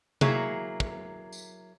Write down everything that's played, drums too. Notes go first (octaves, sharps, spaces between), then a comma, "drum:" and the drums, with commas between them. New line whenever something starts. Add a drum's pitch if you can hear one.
F#3 A#3 E4 G#4, drum: tom C3
drum: kick
drum: tambourine